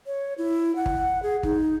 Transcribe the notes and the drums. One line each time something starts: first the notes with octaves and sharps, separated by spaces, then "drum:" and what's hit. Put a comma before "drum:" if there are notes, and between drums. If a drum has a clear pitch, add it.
C#5
E4
F#5
drum: kick
G#4
D#4, drum: kick